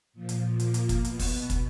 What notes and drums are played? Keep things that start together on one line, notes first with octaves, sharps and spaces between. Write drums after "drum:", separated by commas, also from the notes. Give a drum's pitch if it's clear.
A#2 F3
drum: hi-hat
A#3, drum: hi-hat
drum: hi-hat
drum: kick, hi-hat
B2 B3, drum: hi-hat
drum: kick, open hi-hat
drum: kick, hi-hat